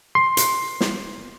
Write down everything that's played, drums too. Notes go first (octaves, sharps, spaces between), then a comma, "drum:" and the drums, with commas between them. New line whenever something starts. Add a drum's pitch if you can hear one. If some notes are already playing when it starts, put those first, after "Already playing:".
C6
drum: hi-hat
drum: snare